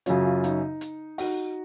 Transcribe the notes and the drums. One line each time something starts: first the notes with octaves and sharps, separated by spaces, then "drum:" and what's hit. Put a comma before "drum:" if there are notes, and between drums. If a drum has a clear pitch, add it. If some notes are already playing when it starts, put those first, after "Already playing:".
F#2 C#3 F#3 C#4 F4, drum: hi-hat
F4
D#4, drum: hi-hat
drum: hi-hat
D#4 F#4, drum: open hi-hat